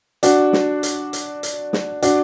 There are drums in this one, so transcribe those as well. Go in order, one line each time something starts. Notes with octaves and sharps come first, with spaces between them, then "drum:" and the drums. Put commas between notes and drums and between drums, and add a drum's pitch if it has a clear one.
D4 F#4, drum: hi-hat
drum: snare
drum: hi-hat
drum: hi-hat
drum: hi-hat
drum: snare
D4 F#4, drum: hi-hat